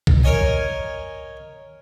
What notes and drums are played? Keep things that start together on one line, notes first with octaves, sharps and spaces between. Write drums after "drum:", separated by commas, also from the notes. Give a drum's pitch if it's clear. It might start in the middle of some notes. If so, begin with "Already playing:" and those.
drum: kick B1
A#4 C#5 D#5 G#5